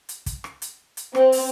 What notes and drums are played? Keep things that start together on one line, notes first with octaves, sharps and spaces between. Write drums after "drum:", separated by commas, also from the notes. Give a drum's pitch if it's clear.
drum: hi-hat
drum: kick, hi-hat
drum: rim click
drum: hi-hat
drum: hi-hat
C4, drum: rim click
drum: open hi-hat